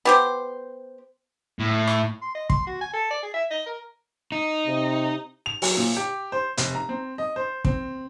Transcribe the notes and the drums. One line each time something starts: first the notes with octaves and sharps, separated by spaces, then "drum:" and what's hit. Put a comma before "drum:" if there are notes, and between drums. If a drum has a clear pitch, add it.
B3 G4 C5
A2
drum: rim click
C6
D#5
C6, drum: kick
F#4
G#5
A4
D5
G#4
E5
D#5
A#4
D#4
C3
F7
F#3, drum: open hi-hat
A#2
G4
C5
F1, drum: hi-hat
A#5
C4
D#5
C5
C4, drum: kick